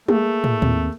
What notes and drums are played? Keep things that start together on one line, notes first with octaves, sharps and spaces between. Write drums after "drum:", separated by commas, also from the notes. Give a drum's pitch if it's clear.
A3 A#3 G#4, drum: tom
drum: tom
D#2 C4, drum: tom